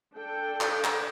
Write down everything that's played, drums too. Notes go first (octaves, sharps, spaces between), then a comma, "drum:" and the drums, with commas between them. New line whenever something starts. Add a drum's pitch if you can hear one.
D4 A4 G5
drum: clap
drum: clap